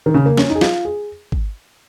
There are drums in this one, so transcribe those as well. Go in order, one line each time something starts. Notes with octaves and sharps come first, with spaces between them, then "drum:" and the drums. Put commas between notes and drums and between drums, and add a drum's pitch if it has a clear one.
D#3
C#3
A#3
C#4, drum: snare
D#4
G#4
F4, drum: snare
G#4
drum: kick